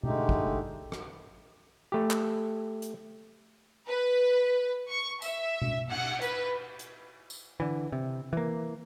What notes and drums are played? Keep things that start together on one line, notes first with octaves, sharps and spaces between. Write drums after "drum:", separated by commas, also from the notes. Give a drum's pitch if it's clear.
D3 G#3 A3 D#4 G4, drum: tom B2
drum: kick
drum: rim click
A3 G4
drum: clap
drum: hi-hat
B4
C#6
E5, drum: tambourine
drum: tom B2
F#5, drum: cymbal
B4, drum: hi-hat
drum: hi-hat
drum: tambourine
D3 E3
C3
E3 A#3